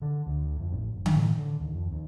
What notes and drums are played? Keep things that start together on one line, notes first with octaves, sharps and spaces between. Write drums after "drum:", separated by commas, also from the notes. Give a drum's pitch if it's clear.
D3
D2
F2
A1
F#1
drum: tom D3
A2
D3
D#2
F2
D#2